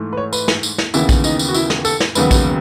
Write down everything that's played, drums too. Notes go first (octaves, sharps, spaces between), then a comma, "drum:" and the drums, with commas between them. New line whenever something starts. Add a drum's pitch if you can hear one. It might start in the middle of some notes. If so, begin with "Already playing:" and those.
Already playing: G#2 E3 A3
B4
C#5
B4, drum: tambourine
drum: snare
drum: tambourine
drum: snare
D#2 C#3 E3 B3 E4, drum: tambourine
drum: kick A#1, tambourine
D#4, drum: tambourine
drum: tambourine
F#4
E4, drum: tambourine
drum: snare
A4, drum: tambourine
drum: snare
E1 D#2 C#3 F#3 B3 B4, drum: tambourine
drum: kick A#1, tambourine